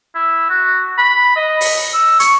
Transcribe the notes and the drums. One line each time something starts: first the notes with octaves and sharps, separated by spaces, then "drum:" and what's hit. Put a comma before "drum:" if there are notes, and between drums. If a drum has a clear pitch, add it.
E4
F#4
B5
D#5
drum: open hi-hat
E6
C#6, drum: hi-hat